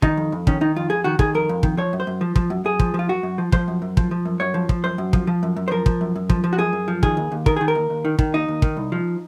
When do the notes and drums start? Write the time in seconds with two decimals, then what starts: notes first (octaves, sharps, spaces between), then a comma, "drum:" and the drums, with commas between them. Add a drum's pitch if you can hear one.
0.02 D#3 D#4, drum: kick
0.17 F2
0.32 F2
0.47 D#3 C#4, drum: kick
0.61 D#3 D#4
0.76 F2 F4
0.90 F2 G#4
1.04 D#3 F#4
1.19 D#3 G#4, drum: kick
1.35 F2 A#4
1.49 F2
1.63 D#3, drum: kick
1.77 F3 C#5
1.93 F#2
2.00 C5
2.07 F#2
2.21 F3
2.36 F3, drum: kick
2.50 F#2
2.65 F#2 G#4
2.79 F3, drum: kick
2.94 F3
2.99 F4
3.09 F#2 F#4
3.23 F#2
3.38 F3
3.52 F3 C5, drum: kick
3.68 F#2
3.82 F#2
3.97 F3, drum: kick
4.11 F3
4.25 F#2
4.40 F#2 C#5
4.54 F3
4.69 F3, drum: kick
4.84 F#2 C5
4.98 F#2
5.13 F3, drum: kick
5.27 F3
5.43 F#2
5.56 F#2
5.68 C5
5.71 F3 A#4
5.86 F3, drum: kick
6.01 F#2
6.16 F#2
6.30 F3, drum: kick
6.44 F3
6.53 F#4
6.59 F#2 G#4
6.73 F#2
6.88 F3
7.03 D#3 G#4, drum: kick
7.17 D#2
7.32 D#2
7.46 D#3 A#4, drum: kick
7.56 D#3 G#4
7.68 A#4
7.75 D#2
7.90 D#2
8.05 D#3
8.19 D#3, drum: kick
8.34 D#2 D#4
8.48 D#2
8.62 D#3, drum: kick
8.77 C2
8.92 F3